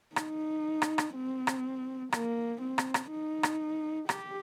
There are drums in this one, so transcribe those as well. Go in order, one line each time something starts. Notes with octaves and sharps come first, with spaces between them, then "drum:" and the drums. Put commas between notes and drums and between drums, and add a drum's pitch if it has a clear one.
D#4, drum: rim click
drum: rim click
drum: rim click
C4
drum: rim click
A#3, drum: rim click
C4
drum: rim click
drum: rim click
D#4
drum: rim click
G4, drum: rim click